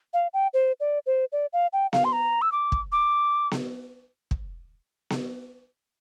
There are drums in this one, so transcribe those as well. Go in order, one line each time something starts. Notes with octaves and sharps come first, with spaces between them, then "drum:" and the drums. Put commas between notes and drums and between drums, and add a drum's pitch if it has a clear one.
F5
G5
C5
D5
C5
D5
F5
G5
F5, drum: snare B3
C6
A#5
E6
D6
drum: kick
D6
drum: snare B3
drum: kick
drum: snare B3